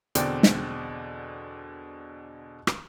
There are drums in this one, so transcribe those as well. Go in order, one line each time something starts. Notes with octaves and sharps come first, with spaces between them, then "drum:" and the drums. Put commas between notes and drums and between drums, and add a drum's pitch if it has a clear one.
E2 B2 D3 C4 D5 G5, drum: hi-hat
drum: snare
drum: rim click